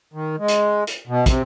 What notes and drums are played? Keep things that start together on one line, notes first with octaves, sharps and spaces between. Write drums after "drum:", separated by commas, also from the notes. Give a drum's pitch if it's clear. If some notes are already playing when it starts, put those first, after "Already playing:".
D#3
G#3
drum: hi-hat
drum: hi-hat
B2
C3, drum: kick, hi-hat